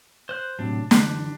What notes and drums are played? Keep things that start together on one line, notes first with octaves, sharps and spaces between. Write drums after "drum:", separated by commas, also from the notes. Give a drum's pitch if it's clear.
C5 F#6
A2 C3 F#3 D4
F#2 D3 E3 D4 G4 F#6, drum: snare